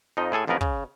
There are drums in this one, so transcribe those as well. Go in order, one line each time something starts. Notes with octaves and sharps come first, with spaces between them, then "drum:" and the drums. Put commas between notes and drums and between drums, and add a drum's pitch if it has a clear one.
F2 F3 D#4 D#5
A2 G#4 A4 G#5
A1 F2 F3 B3 A#4 B4
C#3, drum: kick